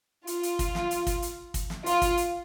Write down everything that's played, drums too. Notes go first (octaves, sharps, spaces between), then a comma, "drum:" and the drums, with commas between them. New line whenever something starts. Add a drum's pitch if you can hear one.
F4, drum: hi-hat
drum: hi-hat
drum: kick, hi-hat
drum: snare
drum: hi-hat
drum: kick, hi-hat
drum: hi-hat
drum: kick, hi-hat
drum: snare
F4, drum: hi-hat
drum: kick, hi-hat
drum: hi-hat